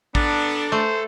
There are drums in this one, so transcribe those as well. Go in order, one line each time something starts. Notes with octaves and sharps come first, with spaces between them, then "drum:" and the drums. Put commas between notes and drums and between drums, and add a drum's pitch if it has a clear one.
B3 D4 A4 A#5, drum: kick
A3 C5